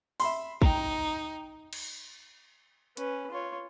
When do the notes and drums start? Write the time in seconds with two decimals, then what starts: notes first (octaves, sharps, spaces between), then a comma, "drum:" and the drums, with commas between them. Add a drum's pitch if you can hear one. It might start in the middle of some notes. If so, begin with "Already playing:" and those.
0.20 E5 B5 C6, drum: open hi-hat
0.62 D#4 G5 A#5, drum: kick
1.73 drum: cymbal
2.97 C#4 B4, drum: hi-hat
3.31 F4 C#5